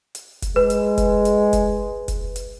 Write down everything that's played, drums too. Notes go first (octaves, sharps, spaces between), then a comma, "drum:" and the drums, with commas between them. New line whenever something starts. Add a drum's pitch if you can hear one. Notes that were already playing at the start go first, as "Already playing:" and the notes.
drum: hi-hat
drum: kick F1, hi-hat
G#3 B4
drum: hi-hat
drum: kick F1, hi-hat
drum: hi-hat
drum: kick F1, hi-hat
drum: kick F1, hi-hat
drum: hi-hat